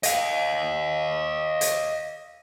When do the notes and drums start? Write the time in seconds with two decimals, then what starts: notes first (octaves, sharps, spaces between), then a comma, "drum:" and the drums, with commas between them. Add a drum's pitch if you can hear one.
0.03 D#5 F5, drum: hi-hat
1.61 drum: hi-hat